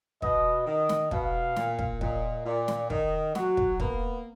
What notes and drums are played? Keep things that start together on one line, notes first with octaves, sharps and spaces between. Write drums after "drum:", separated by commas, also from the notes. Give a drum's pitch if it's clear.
B2 D#5, drum: kick
D#3 D#5
drum: snare
B2 F5, drum: kick
A#2, drum: snare
drum: kick
A#2 D#5, drum: kick
A#2 D5
drum: snare
D#3 D#5, drum: kick
F#3 F#4, drum: snare
drum: kick
A#3 B3, drum: kick